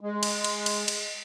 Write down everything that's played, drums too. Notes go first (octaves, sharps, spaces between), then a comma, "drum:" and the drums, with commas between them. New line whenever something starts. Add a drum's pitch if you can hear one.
G#3
drum: cymbal
drum: cymbal
drum: cymbal
drum: cymbal